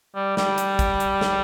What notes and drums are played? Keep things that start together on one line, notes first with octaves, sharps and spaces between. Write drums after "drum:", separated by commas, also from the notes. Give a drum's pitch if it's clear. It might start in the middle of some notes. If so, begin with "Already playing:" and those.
G3
G3, drum: snare
drum: hi-hat
drum: kick, hi-hat
drum: hi-hat
drum: snare